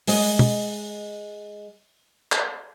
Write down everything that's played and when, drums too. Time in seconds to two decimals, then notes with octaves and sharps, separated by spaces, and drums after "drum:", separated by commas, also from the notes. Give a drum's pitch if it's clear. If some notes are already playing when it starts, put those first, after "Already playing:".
0.07 G#3 D#5, drum: open hi-hat
0.39 drum: tom
2.32 drum: clap